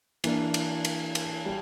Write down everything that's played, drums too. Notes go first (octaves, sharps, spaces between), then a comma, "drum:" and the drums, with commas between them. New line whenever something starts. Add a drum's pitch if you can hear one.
E3 A#3 D4, drum: cymbal
drum: cymbal
drum: cymbal
drum: cymbal
G3